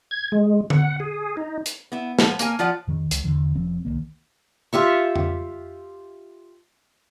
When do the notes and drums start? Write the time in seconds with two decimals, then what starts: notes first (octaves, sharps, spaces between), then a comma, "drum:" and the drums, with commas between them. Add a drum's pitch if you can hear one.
0.11 G#6
0.32 G#3
0.70 F#5, drum: tom D3
1.00 G#4
1.37 D#4
1.66 drum: hi-hat
1.92 B3 E4
2.19 F3 G#3 B3, drum: snare
2.39 A#3 A#4 G#5, drum: hi-hat
2.59 F3 F4 D5 F#5
2.88 F2 D#3 C#4
3.11 C#2, drum: hi-hat
3.24 E2 D3 E3
3.54 F1 F3 C4 C#4
3.85 C2 G2 D#3 A#3
4.73 F4 G4 E5 C#6
5.16 drum: tom F2